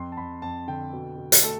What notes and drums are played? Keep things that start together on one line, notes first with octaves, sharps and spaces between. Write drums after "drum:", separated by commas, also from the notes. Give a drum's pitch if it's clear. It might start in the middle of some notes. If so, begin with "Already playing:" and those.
Already playing: F2 C6
A5
F2 B5
F2 A5
D3 G5
B2
B2
drum: hi-hat
A3 A4